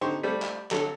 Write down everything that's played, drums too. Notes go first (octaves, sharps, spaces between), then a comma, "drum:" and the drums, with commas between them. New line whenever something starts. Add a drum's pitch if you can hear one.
D3 D#4 G4 C5 C6 C#6
G3 A3 C5 D5
drum: clap
D3 F#3 A4, drum: clap